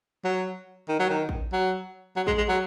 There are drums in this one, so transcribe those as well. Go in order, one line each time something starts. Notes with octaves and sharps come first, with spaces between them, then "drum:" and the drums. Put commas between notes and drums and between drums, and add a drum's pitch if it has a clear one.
F#3
D#3
F#3
D#3
drum: kick A1
F#3
F#3
G#3, drum: kick A1
G#3
F#3